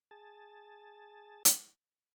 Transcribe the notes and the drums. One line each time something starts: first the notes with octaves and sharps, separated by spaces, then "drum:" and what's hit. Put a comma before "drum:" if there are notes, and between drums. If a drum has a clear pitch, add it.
G#4 A5
drum: hi-hat